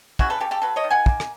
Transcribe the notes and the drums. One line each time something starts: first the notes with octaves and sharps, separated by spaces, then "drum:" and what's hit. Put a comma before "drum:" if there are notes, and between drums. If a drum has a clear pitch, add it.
C#3 E4 F#4, drum: kick
A4 B4
C#3 G4 A4
G4 A4
F#3 A4 B4
C#5 D#5
D#3
F#5 G#5
A#3, drum: kick
drum: rim click